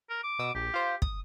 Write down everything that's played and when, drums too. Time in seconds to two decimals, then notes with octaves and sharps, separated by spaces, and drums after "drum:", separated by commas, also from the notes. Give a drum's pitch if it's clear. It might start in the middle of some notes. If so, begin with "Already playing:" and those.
0.10 A#4
0.24 D6
0.39 B2 D#6 E6
0.55 A#1 G4
0.74 F4 C5
1.02 D#6, drum: kick